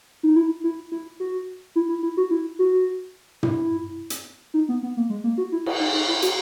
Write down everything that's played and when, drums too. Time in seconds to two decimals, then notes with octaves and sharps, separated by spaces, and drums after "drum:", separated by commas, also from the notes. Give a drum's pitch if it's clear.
0.23 D#4
0.36 E4
0.64 E4
0.92 E4
1.20 F#4
1.76 E4
1.89 E4
2.03 E4
2.17 F#4
2.31 E4
2.59 F#4
3.43 E4, drum: tom
4.10 drum: hi-hat
4.54 D#4
4.69 B3
4.83 B3
4.97 A#3
5.10 G#3
5.24 A#3
5.38 F#4
5.52 E4
5.66 E4, drum: cymbal
5.80 D#4
5.94 D#4
6.08 E4
6.22 F#4, drum: hi-hat